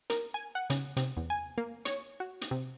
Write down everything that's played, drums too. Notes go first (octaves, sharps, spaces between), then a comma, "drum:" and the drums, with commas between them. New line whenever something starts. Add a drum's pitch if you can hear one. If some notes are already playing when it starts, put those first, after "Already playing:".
A#4, drum: hi-hat
G#5
F#5
C#3, drum: hi-hat
C3, drum: hi-hat
E2
G#5
A#3
C#5, drum: hi-hat
F#4
drum: hi-hat
C3